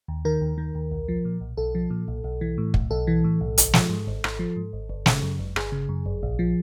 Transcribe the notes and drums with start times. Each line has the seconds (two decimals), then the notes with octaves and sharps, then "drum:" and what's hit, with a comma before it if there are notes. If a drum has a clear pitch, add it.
0.08 D#2
0.25 D#3 A#4
0.41 D#2
0.58 D#3
0.75 D#2
0.91 B1
1.08 F3
1.25 A#2
1.41 B1
1.57 B1 A4
1.75 F3
1.90 A#2
2.08 B1
2.24 B1
2.41 E3
2.58 A2
2.74 B1, drum: kick
2.91 B1 A4
3.07 E3
3.24 A2
3.41 B1
3.58 G#1, drum: hi-hat
3.73 F3, drum: snare
3.90 G#2
4.07 G#1
4.24 G#1, drum: rim click
4.39 F3
4.56 G#2
4.73 G#1
4.90 G1
5.06 C#3, drum: snare
5.23 F#2
5.39 G1
5.56 G1 G#4, drum: rim click
5.72 C#3
5.89 F#2
6.06 G1
6.23 A#1
6.39 F3